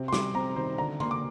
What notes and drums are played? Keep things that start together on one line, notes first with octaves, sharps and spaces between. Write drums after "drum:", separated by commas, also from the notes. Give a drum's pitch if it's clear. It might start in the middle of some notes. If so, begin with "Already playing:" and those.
Already playing: C3 C4
C6
G3 D6, drum: snare
C4 A#5
D#3 C5
D3 A#5
A#3 C6, drum: tom C#3
D6